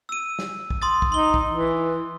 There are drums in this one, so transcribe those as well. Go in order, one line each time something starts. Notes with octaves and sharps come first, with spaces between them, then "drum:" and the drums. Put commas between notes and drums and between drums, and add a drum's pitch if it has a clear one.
E6 D#7
drum: snare
drum: kick
C6 D#6 A6
drum: kick
D#4 C6 G7
drum: kick
E3